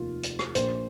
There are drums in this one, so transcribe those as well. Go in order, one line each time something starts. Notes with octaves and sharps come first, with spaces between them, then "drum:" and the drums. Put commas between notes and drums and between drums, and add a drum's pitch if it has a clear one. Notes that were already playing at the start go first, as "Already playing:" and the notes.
Already playing: F1 D#2 D#3 F4
drum: hi-hat
drum: rim click
A#1 A#2 C5, drum: hi-hat